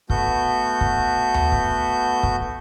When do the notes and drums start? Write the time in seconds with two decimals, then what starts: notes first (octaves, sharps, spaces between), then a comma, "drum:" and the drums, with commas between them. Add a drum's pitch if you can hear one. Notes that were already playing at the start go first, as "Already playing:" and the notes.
0.10 A3 B3 F#4 G6, drum: kick
0.81 drum: kick
1.34 drum: tom D2
1.52 drum: kick
2.23 drum: kick